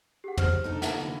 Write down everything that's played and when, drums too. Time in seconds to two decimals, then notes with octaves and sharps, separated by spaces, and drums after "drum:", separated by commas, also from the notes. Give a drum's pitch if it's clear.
0.24 G4 G#4 F#5
0.37 C5 F6, drum: tom
0.64 D4 D#4 A4
0.82 E5 F#5, drum: snare
1.00 D3 E3 A#3